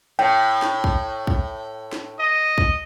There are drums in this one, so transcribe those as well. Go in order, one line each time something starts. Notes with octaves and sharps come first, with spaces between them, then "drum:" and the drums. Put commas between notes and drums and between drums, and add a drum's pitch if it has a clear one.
A2 G5
drum: snare
drum: kick
drum: kick
drum: snare
D#5
drum: kick